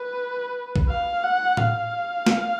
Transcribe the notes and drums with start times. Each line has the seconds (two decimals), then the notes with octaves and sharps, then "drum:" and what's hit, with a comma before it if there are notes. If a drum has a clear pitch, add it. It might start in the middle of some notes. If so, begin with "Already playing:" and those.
Already playing: B4
0.76 drum: kick
0.89 F5
1.23 F#5
1.57 F5, drum: tom A2
2.26 drum: snare